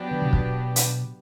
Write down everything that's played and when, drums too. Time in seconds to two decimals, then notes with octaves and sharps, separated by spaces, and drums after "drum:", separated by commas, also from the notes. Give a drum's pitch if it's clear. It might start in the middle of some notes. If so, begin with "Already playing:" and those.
Already playing: F#3 B3 D4 G4
0.11 D3
0.22 C3
0.33 B2, drum: kick
0.76 drum: hi-hat